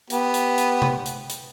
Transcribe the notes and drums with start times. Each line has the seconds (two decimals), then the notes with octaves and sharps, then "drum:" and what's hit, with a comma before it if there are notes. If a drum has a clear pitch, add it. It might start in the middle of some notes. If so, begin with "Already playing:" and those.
0.10 B3 G4, drum: hi-hat
0.34 drum: hi-hat
0.58 drum: hi-hat
0.82 drum: tom C3
1.06 drum: hi-hat
1.30 drum: hi-hat